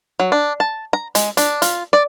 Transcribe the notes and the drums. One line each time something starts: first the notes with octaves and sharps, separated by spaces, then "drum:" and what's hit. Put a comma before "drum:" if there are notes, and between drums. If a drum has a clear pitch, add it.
F#3
D4
A5
A#5
G#3, drum: hi-hat
D4, drum: hi-hat
F4, drum: hi-hat
D5